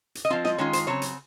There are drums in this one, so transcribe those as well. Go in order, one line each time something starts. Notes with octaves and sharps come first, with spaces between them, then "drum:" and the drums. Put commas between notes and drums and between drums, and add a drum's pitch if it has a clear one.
drum: hi-hat
D#5
F3 C4 F4 F5
D#5, drum: snare
D#3 G#3 C#4 F4 C#5
C5, drum: hi-hat
C#3 F#3 C4 C#5
drum: hi-hat